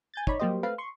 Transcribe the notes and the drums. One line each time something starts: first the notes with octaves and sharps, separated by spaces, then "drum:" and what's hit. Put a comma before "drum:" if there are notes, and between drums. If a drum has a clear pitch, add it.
G#5 G6 A6
D#4 C#5 D5 B5, drum: kick
F#3 G3 A#3 G4 C5 D#5
A3 C4 B4 F5
C6 C#6